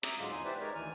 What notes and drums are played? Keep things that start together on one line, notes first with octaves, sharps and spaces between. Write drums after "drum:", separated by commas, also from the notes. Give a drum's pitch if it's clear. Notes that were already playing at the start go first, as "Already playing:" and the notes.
E5 A#5 D6 D#6, drum: hi-hat
G#2 D3 F#3 G#3 F4 F5
E2 D#4 G#5 C6
E4 G4 B4 C5 D5 E5
G#3 D#4 A#4 C#5 D5
D2 D#3 E3 G#5 F6